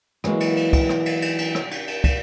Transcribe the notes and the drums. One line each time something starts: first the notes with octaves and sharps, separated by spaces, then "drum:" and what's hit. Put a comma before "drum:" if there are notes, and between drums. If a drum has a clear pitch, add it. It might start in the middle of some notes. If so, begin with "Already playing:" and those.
E3 F#3 G#3 A#3 F#4, drum: rim click
drum: cymbal
drum: cymbal
drum: kick, cymbal
drum: rim click
drum: cymbal
drum: cymbal
drum: cymbal
drum: rim click
drum: cymbal
drum: cymbal
drum: kick, cymbal